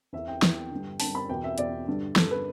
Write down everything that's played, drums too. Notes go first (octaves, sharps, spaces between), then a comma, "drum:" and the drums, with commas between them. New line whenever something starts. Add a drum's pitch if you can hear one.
E2 E3 E5
G5
E2 E3, drum: snare
G2 D3
G2 D3 A5, drum: open hi-hat
B5
E2 B2 G5
E5
E2 B2 D5, drum: hi-hat
G2 D3
G2 D3 A4, drum: snare
B4